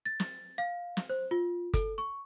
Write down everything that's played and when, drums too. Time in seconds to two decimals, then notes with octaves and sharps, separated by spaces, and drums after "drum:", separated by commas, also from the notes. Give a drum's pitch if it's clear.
0.06 A6
0.20 drum: snare
0.58 F5
0.97 drum: snare
1.10 C5
1.31 F4
1.74 A4, drum: kick G1, hi-hat
1.98 C#6